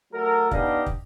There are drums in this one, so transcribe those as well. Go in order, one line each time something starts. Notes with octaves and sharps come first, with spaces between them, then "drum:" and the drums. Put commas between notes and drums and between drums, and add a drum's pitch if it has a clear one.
F#3 A3 A4 A#4
B3 D4 D#4 G4 D#5 F5, drum: kick
drum: kick